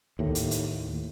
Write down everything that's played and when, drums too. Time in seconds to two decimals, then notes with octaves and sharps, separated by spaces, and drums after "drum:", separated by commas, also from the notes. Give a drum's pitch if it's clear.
0.19 D#2 A2
0.35 drum: hi-hat
0.51 drum: hi-hat